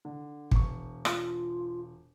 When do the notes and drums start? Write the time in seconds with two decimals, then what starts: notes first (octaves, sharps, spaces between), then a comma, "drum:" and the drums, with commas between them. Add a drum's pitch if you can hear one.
0.05 D3
0.51 E1 C#6, drum: kick
1.05 F4, drum: rim click